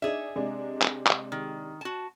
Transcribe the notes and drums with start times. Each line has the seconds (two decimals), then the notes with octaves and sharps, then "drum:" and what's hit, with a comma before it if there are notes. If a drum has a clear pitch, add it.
0.02 D4 D#4 G#4 E5
0.36 C3 G#3 D4
0.82 drum: clap
1.07 drum: clap
1.32 D#3
1.81 F#4 A5